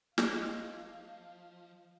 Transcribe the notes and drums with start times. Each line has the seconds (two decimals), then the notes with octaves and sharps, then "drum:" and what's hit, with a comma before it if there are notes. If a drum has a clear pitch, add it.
0.18 F3 D#5 F5, drum: snare